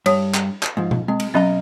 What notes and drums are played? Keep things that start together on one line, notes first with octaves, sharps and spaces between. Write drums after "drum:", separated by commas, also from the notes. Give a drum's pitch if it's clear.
G2 C#5 D#6, drum: cymbal
drum: clap
drum: clap
G#2 F3
drum: tom B2
G#3 C4
drum: cymbal
B2 F#3 C#4 D#5 A#5 A6